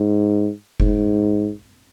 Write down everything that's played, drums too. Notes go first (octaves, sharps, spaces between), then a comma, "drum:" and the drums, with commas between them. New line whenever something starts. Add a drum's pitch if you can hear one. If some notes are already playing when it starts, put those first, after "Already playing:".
Already playing: G#2
G#2, drum: kick F#1